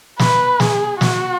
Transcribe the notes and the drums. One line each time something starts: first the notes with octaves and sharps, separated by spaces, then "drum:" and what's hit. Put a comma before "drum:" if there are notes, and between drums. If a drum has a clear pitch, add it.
B4, drum: snare
G#4, drum: snare
F#4, drum: snare